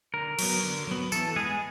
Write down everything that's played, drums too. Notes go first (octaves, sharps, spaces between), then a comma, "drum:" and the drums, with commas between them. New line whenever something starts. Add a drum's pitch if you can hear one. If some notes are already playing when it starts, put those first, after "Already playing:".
D3 A#4
F#3 B3, drum: cymbal
D3
F#3 B3
E3 A4, drum: tambourine
G#3 B3 G#4